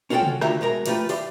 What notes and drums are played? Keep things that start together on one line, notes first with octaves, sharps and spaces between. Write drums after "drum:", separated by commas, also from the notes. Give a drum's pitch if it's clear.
C#4 F4 F#4 A4 C#5 G5
drum: tom C3
D2 D#3 F4 G4 E5 A#5, drum: rim click
B2 G#3 A#4 A#5
E3 A3 F4 G4 B4, drum: hi-hat
E3 G4 D5 C6, drum: open hi-hat